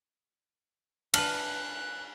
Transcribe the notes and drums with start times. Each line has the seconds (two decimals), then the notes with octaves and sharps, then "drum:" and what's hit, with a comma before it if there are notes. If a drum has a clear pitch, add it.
1.14 D4 B4 F6 F#6 F#7, drum: cymbal